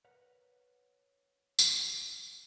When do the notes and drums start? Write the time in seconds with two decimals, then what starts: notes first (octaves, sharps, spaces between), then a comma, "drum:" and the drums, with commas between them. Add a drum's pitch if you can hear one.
0.05 A#4 B4 C#5 F#5
1.59 drum: tambourine